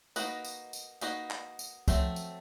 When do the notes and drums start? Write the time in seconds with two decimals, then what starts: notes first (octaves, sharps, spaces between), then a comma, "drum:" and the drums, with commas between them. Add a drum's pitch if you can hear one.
0.16 A#3 D#4 F#4 B4 D#5, drum: tambourine
0.45 drum: tambourine
0.73 drum: tambourine
1.01 A#3 D#4 F#4 B4 D#5, drum: tambourine
1.30 drum: clap
1.59 drum: tambourine
1.88 F#3 A3 C4, drum: kick, tambourine
2.16 drum: tambourine